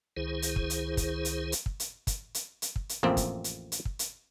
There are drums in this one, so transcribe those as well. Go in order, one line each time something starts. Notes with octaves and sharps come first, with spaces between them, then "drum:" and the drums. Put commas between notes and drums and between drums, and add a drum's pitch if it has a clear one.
C#2 D#3 E4 G#4 C5
drum: hi-hat
drum: kick
drum: hi-hat
drum: kick, hi-hat
drum: hi-hat
drum: hi-hat
drum: kick
drum: hi-hat
drum: kick, hi-hat
drum: hi-hat
drum: hi-hat
drum: kick
drum: hi-hat
A1 F2 A#3 C4
drum: kick, hi-hat
drum: hi-hat
drum: hi-hat
drum: kick
drum: hi-hat